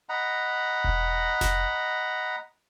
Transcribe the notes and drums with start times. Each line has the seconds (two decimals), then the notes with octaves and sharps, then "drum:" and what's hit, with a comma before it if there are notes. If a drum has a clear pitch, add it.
0.09 D#5 F#5 A#5 B5
0.84 drum: kick E1
1.41 drum: snare F1